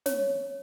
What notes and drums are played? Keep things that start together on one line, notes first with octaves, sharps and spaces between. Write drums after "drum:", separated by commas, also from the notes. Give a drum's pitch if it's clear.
C#5, drum: snare